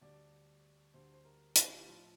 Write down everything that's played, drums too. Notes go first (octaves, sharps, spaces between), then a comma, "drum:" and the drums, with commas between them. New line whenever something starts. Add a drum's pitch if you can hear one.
D2 D3 G3 D5
D2 D3 G3 C5
C5
A#4
G4, drum: hi-hat
G4
A2 F3 F4